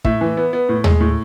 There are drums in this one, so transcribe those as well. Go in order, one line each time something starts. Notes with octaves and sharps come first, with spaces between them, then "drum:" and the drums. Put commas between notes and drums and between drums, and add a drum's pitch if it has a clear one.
A2 E5, drum: kick
E3
B3
B3
A2
G#3, drum: tom D#2
A2